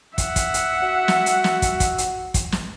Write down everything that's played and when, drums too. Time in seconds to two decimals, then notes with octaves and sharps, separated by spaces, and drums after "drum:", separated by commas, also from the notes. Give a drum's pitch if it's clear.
0.18 E5 F#5, drum: kick, hi-hat
0.36 drum: kick, hi-hat
0.54 drum: hi-hat
0.82 F#4
1.08 drum: snare
1.26 drum: hi-hat
1.44 drum: snare
1.62 drum: kick, hi-hat
1.80 drum: kick, hi-hat
1.98 drum: hi-hat
2.34 drum: kick, hi-hat
2.52 drum: snare